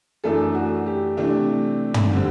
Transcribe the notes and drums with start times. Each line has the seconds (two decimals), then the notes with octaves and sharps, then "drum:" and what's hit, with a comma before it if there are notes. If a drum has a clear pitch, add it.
0.24 F#2 E3 A3 D4 A4
0.54 F#4
0.86 G4
1.17 C3 E3 A3 D4
1.94 drum: tom
2.13 D3 G3 C4